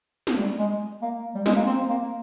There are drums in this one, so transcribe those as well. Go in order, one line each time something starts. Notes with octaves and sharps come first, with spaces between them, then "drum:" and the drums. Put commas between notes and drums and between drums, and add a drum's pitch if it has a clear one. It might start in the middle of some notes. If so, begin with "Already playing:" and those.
drum: snare
G3
G#3
A#3
G3
G#3, drum: snare
A#3
C4
A#3